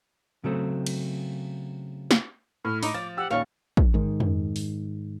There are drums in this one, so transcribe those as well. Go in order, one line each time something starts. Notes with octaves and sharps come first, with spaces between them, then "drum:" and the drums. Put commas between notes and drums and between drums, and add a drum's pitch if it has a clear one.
C#3 F#3 A3 C4
drum: cymbal
drum: snare
A2 F6
D#4 D6, drum: open hi-hat
F3 A6
G4 F#5 E6
A#1 D#2 C#4 F5 C#6
drum: kick
G#2 D#3
drum: tom
drum: open hi-hat